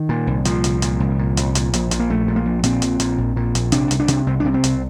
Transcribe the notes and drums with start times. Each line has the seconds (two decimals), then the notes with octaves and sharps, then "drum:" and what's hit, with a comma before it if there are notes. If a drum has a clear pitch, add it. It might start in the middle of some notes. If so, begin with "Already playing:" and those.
Already playing: D#3
0.09 A#2
0.27 C2
0.45 A#2 F3, drum: hi-hat
0.64 C2, drum: hi-hat
0.82 A#2, drum: hi-hat
1.00 C2
1.19 A#2
1.37 C2, drum: hi-hat
1.55 A#2, drum: hi-hat
1.74 A#1, drum: hi-hat
1.91 A#2, drum: hi-hat
1.99 A#3
2.09 A#1 A3
2.28 A#2
2.36 A#3
2.46 A#1
2.64 A#2 C4, drum: hi-hat
2.82 A#1, drum: hi-hat
3.00 A#2, drum: hi-hat
3.18 A#1
3.36 A#2
3.55 A#1, drum: hi-hat
3.72 C3 D4, drum: hi-hat
3.91 C2, drum: hi-hat
4.00 D4
4.08 C3, drum: hi-hat
4.27 C2 C4
4.40 C3 D4
4.54 C4
4.64 C2, drum: hi-hat